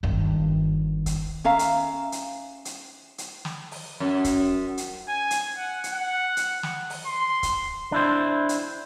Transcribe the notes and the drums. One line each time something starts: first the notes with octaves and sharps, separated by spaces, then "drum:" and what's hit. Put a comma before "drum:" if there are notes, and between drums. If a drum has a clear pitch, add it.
G1 D#3
drum: kick C#1, hi-hat
C#4 E5 F5 A#5
drum: hi-hat
drum: hi-hat
drum: hi-hat
drum: hi-hat
drum: snare
drum: open hi-hat
F#2
drum: kick C#1, hi-hat
drum: hi-hat
G#5
drum: hi-hat
F#5
drum: hi-hat
F#5
drum: hi-hat
drum: snare
drum: open hi-hat
C6
drum: kick C#1, hi-hat
D4 E4 C5
drum: hi-hat